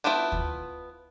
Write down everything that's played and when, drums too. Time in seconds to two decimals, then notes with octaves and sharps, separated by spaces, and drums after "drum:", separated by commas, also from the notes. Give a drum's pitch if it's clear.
0.04 B3 E4 F4 G5 A5
0.32 drum: kick D2